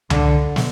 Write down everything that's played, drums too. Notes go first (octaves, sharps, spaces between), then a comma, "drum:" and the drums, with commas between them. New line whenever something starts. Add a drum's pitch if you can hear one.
D3, drum: tom C#2
drum: snare